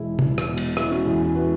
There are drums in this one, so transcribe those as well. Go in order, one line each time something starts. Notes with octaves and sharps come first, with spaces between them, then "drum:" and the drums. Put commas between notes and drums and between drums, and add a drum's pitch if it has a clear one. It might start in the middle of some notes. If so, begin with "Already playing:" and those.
Already playing: E1 G#3 E4
E1, drum: tom
drum: rim click
B2
drum: cymbal
G#3 E4, drum: rim click
C#4 F#4
E2 E4 G#4
E4 G#4
F#4 B4